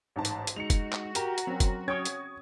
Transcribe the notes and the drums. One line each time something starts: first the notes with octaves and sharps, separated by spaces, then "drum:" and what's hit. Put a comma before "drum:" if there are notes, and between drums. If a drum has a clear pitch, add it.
A1 G#2 A5
drum: hi-hat
drum: hi-hat
G#3 D#4 F#4 C#7 F7
drum: kick F#1, hi-hat
drum: clap
G4 A#4 A#5, drum: hi-hat
drum: hi-hat
F#3 C4 C#4
drum: kick F#1, hi-hat
C#4 C#5 G5 C#6 D#6 G#6
drum: hi-hat